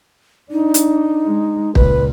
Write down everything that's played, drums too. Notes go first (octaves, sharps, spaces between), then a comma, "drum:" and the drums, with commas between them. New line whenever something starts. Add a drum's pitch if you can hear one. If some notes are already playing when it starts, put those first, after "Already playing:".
D4 D#4
drum: hi-hat
G#3
C#2 A#2 B4, drum: kick